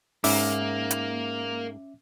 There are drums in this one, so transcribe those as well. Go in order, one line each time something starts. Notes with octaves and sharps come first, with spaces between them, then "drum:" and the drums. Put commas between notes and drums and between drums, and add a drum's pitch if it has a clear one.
G#2 A#3 C#4 E5 D6, drum: open hi-hat
drum: hi-hat